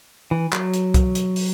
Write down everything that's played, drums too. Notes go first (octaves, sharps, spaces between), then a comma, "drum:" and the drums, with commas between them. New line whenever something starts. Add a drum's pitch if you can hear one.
E3
F#3, drum: clap
drum: hi-hat
drum: kick C2, hi-hat
drum: hi-hat
drum: open hi-hat